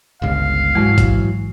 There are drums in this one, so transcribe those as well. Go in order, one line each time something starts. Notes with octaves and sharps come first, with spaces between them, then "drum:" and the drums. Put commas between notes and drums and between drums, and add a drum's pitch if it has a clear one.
G1 C#2 F5
G#2 E3 F#3 G#3
drum: kick, hi-hat